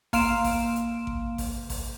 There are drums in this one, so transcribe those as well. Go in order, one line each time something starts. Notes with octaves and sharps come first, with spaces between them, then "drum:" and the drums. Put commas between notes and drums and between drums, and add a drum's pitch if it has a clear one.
A#3 F5 C6 D7 E7, drum: kick A1, open hi-hat
drum: kick A1, open hi-hat
drum: hi-hat
drum: kick A1
drum: kick A1, open hi-hat
drum: kick A1, open hi-hat